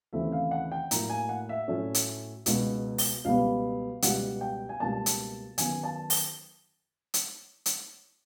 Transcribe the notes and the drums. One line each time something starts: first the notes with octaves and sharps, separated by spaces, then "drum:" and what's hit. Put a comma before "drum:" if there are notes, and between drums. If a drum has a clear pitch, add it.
D#2 C#3 E3 A3 C4 E5
F5
F#5
G5
A2 F#3 A#3 A#5, drum: hi-hat
G#5
F#5
E5
A2 F#3 A3 C#4
drum: hi-hat
C#2 B2 G#3, drum: hi-hat
drum: open hi-hat
C#2 B2 G3 B3 F5
C#2 B2 G3 F#5, drum: hi-hat
G5
G#5
C#2 B2 G3 A#3 A5
drum: hi-hat
F#2 D#3 F#3 B3 G#5, drum: hi-hat
A5
drum: open hi-hat
drum: hi-hat
drum: hi-hat